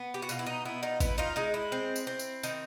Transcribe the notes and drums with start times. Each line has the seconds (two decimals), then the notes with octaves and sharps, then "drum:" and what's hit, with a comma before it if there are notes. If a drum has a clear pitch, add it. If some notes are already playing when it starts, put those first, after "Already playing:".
Already playing: B3
0.14 G4
0.22 F#4
0.29 B2 F4, drum: tambourine
0.39 E4
0.46 D#4
0.65 B3 E4
0.83 D#4 F4
1.00 B3 E4, drum: kick, tambourine
1.18 D#4 F4
1.36 G#3 D#4
1.54 E4
1.72 C4
1.96 drum: tambourine
2.07 C4
2.19 drum: tambourine
2.43 D#3, drum: tambourine